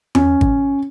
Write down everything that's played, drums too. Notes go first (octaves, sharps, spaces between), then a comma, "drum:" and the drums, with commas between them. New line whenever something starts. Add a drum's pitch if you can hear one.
C#4, drum: tom E2
drum: kick G#1